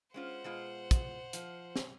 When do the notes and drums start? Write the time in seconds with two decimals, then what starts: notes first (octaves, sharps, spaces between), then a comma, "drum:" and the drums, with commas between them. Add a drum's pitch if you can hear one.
0.14 G#3 C#4 F4 C5 F#5
0.44 B2 G#3 F4
0.91 drum: kick, hi-hat
1.33 F3, drum: hi-hat
1.76 drum: snare